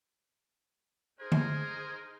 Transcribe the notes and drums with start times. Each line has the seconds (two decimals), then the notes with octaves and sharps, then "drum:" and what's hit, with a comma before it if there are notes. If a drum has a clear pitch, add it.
1.20 D#4 G#4 A#4 C5 G#6
1.32 drum: tom D3